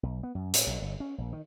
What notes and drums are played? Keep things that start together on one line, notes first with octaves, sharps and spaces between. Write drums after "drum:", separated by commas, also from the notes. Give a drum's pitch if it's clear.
B1
B3
F#2
A2, drum: hi-hat
B1
G1
C#4
A#1
D#3